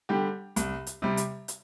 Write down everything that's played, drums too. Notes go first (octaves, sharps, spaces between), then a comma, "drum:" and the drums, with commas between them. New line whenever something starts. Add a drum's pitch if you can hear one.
D3 G3 G4
C2, drum: hi-hat
drum: hi-hat
C3 G3
drum: hi-hat
drum: hi-hat